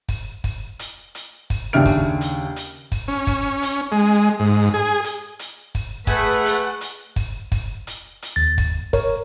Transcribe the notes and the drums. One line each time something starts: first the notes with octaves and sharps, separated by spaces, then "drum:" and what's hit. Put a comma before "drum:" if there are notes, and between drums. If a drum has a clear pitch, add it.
drum: kick, open hi-hat
drum: kick, open hi-hat
drum: hi-hat
drum: hi-hat
drum: kick, open hi-hat
D#2 C#3 D4 E5 F6 D7
drum: kick, open hi-hat
drum: hi-hat
drum: hi-hat
drum: kick, open hi-hat
C#4
drum: kick, open hi-hat
drum: hi-hat
G#3
G#2
G#4
drum: hi-hat
drum: hi-hat
drum: kick, open hi-hat
A3 G#4 B4 F#5, drum: kick, open hi-hat
drum: hi-hat
drum: hi-hat
drum: kick, open hi-hat
drum: kick, open hi-hat
drum: hi-hat
drum: hi-hat
D#2 A6
drum: kick, open hi-hat
A#4 C#5, drum: kick, open hi-hat